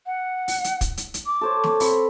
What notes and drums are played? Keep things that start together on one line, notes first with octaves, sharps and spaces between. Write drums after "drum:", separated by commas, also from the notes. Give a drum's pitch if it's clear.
F#5
drum: open hi-hat
drum: hi-hat
drum: kick, hi-hat
drum: hi-hat
drum: hi-hat
D6
A4 C5 C#5
drum: snare
C4 B5, drum: open hi-hat